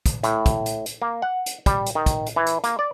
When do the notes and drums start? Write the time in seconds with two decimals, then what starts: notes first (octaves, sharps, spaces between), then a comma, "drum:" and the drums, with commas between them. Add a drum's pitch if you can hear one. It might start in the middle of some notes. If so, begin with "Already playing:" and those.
0.06 drum: kick, hi-hat
0.23 A2, drum: hi-hat
0.46 drum: kick, hi-hat
0.66 drum: hi-hat
0.86 drum: hi-hat
1.02 A#3
1.22 F#5
1.46 drum: hi-hat
1.66 G3, drum: kick, hi-hat
1.86 drum: hi-hat
1.95 D#3
2.06 drum: kick, hi-hat
2.26 drum: hi-hat
2.36 E3
2.46 drum: hi-hat
2.64 A#3, drum: hi-hat
2.79 D5